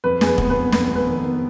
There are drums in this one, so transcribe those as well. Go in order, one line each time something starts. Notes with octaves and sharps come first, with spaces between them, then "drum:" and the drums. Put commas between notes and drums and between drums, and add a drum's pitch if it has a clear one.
F2 B4
F2 G#4, drum: snare
B4
B3, drum: kick
B4
F2
F2 B4, drum: snare
F2
B4
D#3
B3